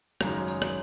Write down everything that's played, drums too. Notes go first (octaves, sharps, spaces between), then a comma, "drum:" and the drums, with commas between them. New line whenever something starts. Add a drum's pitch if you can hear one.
G#1 F#2 C#3 G#3 D#4, drum: rim click
drum: tambourine
drum: rim click